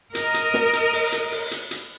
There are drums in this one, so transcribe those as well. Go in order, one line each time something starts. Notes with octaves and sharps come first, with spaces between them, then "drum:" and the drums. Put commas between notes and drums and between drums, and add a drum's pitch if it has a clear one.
A#4 D#5, drum: hi-hat
drum: hi-hat
drum: snare
drum: hi-hat
drum: open hi-hat
drum: hi-hat
drum: open hi-hat
drum: hi-hat
drum: hi-hat